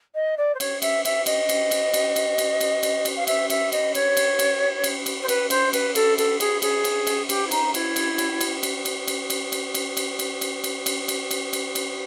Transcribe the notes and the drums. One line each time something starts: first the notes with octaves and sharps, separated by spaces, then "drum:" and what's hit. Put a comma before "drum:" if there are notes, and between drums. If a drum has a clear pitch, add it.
D#5
D5
C5
C#5, drum: cymbal
E5, drum: cymbal
E5, drum: cymbal
D#5, drum: cymbal
drum: cymbal
drum: cymbal
drum: cymbal
drum: cymbal
drum: cymbal
drum: cymbal
drum: cymbal
drum: cymbal
F5
E5, drum: cymbal
E5, drum: cymbal
D#5, drum: cymbal
C#5, drum: cymbal
drum: cymbal
drum: cymbal
drum: cymbal
drum: cymbal
C5
B4, drum: cymbal
C5, drum: cymbal
B4, drum: cymbal
A4, drum: cymbal
A4, drum: cymbal
G#4, drum: cymbal
G#4, drum: cymbal
drum: cymbal
drum: cymbal
G4, drum: cymbal
E4
D#4, drum: cymbal
E4, drum: cymbal
drum: cymbal
drum: cymbal
drum: cymbal
drum: cymbal
drum: cymbal
drum: cymbal
drum: cymbal
drum: cymbal
drum: cymbal
drum: cymbal
drum: cymbal
drum: cymbal
drum: cymbal
drum: cymbal
drum: cymbal
drum: cymbal
drum: cymbal
drum: cymbal